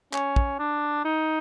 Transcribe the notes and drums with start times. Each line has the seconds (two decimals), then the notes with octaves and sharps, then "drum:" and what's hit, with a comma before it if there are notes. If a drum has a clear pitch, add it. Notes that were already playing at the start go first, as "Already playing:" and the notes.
0.14 C#4, drum: clap
0.36 drum: kick
0.59 D4
1.05 D#4